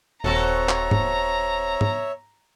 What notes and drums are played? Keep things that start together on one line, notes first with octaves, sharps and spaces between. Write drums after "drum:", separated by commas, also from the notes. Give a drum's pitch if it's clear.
D#1 C4 F#4 A4 C#5 E5 A#5
drum: clap
drum: tom
drum: tom